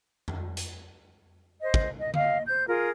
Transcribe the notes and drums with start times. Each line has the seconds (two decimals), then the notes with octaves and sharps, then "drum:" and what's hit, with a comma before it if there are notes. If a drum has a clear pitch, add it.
0.28 drum: tom F2
0.57 drum: hi-hat
1.61 C5 D#5
1.74 drum: kick
2.00 D#5
2.14 D#5 F5, drum: tom D3
2.47 C5 G6
2.67 F4 G#4 A#4